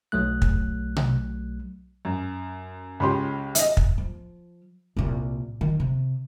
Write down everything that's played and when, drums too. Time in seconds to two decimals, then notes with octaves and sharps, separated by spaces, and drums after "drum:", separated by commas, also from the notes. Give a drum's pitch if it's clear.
0.12 B1 F#3 A3 F#6
0.42 drum: kick
0.96 drum: tom B2
2.05 F#2
3.00 C#2 C#4 G4 B5 C6
3.55 D#5 E5, drum: hi-hat
3.77 drum: kick
3.98 F3
4.97 C2 A#2
5.61 D#3
5.80 C3